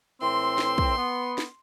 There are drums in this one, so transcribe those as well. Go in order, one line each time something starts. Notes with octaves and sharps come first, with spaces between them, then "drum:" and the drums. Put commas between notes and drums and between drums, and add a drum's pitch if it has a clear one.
A2 E3 C4 C6
drum: snare
drum: kick
B3
drum: snare